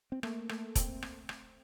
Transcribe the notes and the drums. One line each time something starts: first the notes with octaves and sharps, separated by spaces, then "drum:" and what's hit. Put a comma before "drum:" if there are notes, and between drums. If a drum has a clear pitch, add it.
C4
A3 A#3, drum: rim click
A3, drum: rim click
C4, drum: kick E1, hi-hat
drum: rim click
drum: rim click